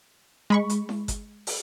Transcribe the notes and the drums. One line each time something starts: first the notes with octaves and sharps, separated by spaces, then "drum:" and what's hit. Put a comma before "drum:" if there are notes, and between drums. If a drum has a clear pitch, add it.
G#3 B5 C#6
drum: hi-hat
drum: snare E4
drum: kick G1, hi-hat
drum: open hi-hat